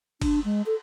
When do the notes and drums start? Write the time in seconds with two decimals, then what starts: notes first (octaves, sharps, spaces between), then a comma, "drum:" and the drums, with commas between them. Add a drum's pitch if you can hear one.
0.22 D4, drum: kick F#1, cymbal
0.45 G#3
0.66 A4